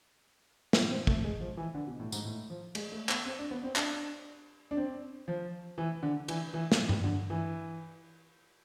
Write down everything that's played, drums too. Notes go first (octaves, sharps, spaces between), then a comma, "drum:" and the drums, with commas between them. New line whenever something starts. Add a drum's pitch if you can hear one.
B3, drum: snare
C4
A3, drum: kick
G#3
F3
E3
D3
B2
A2
G#2, drum: tambourine
A2
F3
G#3, drum: cymbal
A3
B3, drum: clap
C4
D4
B3
C4
D4, drum: clap
D4
C4
F3
E3
D3
E3, drum: cymbal
E3
drum: snare
drum: tom G2
D3
E3